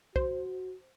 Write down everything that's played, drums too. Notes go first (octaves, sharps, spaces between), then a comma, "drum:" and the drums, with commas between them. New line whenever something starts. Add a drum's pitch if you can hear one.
F#4 C5, drum: kick